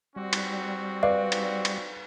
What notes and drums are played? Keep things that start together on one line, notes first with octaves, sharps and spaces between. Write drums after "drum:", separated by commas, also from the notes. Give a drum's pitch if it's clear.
G3 C4 F#4
drum: cymbal
B4 D5 F5
drum: cymbal
drum: cymbal